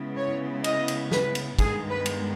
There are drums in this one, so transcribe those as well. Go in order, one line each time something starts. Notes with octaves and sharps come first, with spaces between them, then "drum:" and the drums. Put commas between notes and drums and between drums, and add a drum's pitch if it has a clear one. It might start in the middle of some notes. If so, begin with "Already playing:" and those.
Already playing: C#3 G#3 B3 E4
C#5
D#5, drum: cymbal
drum: cymbal
B4, drum: snare
drum: cymbal
G2 D#3 G#3 B3 G#4, drum: kick, cymbal
B4
drum: cymbal